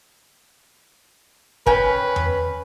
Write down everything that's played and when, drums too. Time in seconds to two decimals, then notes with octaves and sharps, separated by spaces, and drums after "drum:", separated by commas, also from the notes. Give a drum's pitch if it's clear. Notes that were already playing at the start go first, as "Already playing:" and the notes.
1.67 C#4 B4 G5, drum: kick
2.16 drum: tom E2